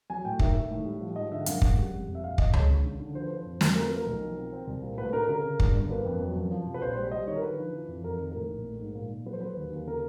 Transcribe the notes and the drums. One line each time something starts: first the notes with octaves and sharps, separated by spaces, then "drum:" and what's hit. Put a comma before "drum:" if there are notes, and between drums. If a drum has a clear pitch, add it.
F#3 G#5
A2 G5
D#3 E5, drum: kick
D#3
A2
G3
F3
G#2 D#5
D3 E5
F#5
F#2 F5, drum: hi-hat
E1 F#5, drum: kick
G3
F2
F2
E5
A#1 F5
A#1 D#5, drum: kick
C#2 C#5, drum: tom C#2
C#3
D3
D3
F3 C5
B4
F3 C5
F2
F3, drum: snare
A3 A#4
B4
A3 A#4
B1
F3
C4
C4
C2
A#2
A2 B4
D4 A#4
C#3 A#4
C#3
G2, drum: kick
G1
A#3 B4
F2
F#3
F#2
F3
C3
B4
A#1 C5
G3 C5
G3 D#5
D#3 C#5
A#4
D3 B4
F3
E3
F2
F2 A#4
D#3
A2 A#4
A#1
A3
G#2
A#2
A#2
F#3 B4
C5
F#3 B4
D#2
D#2
C#3 A#4